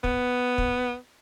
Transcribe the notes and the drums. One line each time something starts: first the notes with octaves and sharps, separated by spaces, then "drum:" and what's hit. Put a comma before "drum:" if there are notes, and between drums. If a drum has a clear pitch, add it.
B3, drum: kick
drum: kick